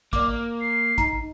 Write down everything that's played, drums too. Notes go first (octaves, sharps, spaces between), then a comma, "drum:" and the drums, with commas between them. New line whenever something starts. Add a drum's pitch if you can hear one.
A#3 D5 D6, drum: kick, hi-hat
C7
D#4 A#5, drum: kick, hi-hat